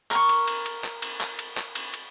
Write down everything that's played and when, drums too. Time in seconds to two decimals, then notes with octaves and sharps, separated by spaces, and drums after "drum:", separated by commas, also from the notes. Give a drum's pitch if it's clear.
0.11 A#4 C#6, drum: clap
0.29 drum: cymbal
0.48 drum: cymbal
0.66 drum: cymbal
0.84 drum: clap
1.02 drum: cymbal
1.21 drum: clap
1.39 drum: cymbal
1.57 drum: clap
1.75 drum: cymbal
1.94 drum: cymbal